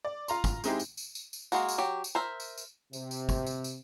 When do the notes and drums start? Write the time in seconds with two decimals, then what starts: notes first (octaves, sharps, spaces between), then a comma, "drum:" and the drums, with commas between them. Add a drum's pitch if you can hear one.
0.05 D5
0.28 F4 A#5 C6, drum: tambourine
0.44 drum: kick, tambourine
0.64 G#3 C4 D#4 E4 G4 G#4, drum: tambourine
0.80 drum: tambourine
0.97 drum: tambourine
1.15 drum: tambourine
1.33 drum: tambourine
1.52 G#3 A#3 F#4, drum: tambourine
1.69 drum: tambourine
1.78 F#3 G4
2.04 drum: tambourine
2.15 A#4 C5 E5
2.40 drum: tambourine
2.58 drum: tambourine
2.93 C3, drum: tambourine
3.11 drum: tambourine
3.29 drum: kick, tambourine
3.47 drum: tambourine
3.64 drum: tambourine